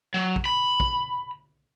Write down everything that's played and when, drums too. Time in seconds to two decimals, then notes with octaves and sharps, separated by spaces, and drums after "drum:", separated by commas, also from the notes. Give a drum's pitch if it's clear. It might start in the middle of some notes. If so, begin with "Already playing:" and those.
0.14 F#3
0.36 drum: kick
0.46 B5
0.80 drum: kick